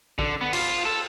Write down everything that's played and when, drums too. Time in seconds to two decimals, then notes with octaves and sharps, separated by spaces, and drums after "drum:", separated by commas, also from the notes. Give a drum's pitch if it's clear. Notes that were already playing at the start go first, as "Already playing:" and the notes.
0.19 D3, drum: kick
0.41 B3
0.53 F4, drum: cymbal
0.85 A4